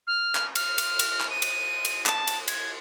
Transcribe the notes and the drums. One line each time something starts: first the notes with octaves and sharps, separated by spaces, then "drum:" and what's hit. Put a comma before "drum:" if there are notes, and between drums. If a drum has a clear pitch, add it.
F6
drum: clap
F6, drum: cymbal
drum: cymbal
drum: cymbal
drum: clap
D#7
drum: cymbal
drum: cymbal
A5, drum: clap
drum: cymbal
G#6, drum: cymbal